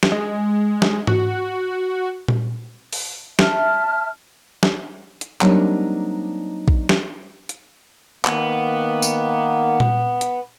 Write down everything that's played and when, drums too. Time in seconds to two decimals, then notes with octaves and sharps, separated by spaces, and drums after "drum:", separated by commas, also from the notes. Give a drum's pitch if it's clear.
0.03 drum: snare
0.12 G#3
0.82 drum: snare
1.07 F#4, drum: tom G#2
2.28 drum: tom A#2
2.93 drum: open hi-hat
3.39 E5 A5 F6, drum: snare
4.63 drum: snare
5.21 drum: hi-hat
5.41 F#3 G3 A#3 C4 D4 D#4, drum: clap
6.68 drum: kick A#1
6.89 drum: snare
7.49 drum: hi-hat
8.25 D#3 A#3 B3, drum: clap
9.02 drum: tambourine
9.80 drum: tom A#2
10.21 drum: hi-hat